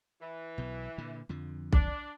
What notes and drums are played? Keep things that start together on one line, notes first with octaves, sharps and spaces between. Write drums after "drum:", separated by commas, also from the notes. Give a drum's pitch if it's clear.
E3
B1 B2
A#2 D3
F2 D3 F3
D4, drum: kick B1